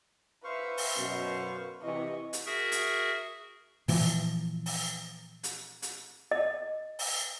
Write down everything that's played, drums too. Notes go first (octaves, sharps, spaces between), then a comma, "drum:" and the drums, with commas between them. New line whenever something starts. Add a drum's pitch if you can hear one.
B4 C5 E5 F5 C#6
drum: open hi-hat
F#2 B2 B4
C3 E3 D#5 C#6
drum: hi-hat
F#4 G#4 A#4 E5
drum: hi-hat
A#2 E3 F3, drum: open hi-hat
drum: open hi-hat
drum: hi-hat
drum: hi-hat
D#5
drum: open hi-hat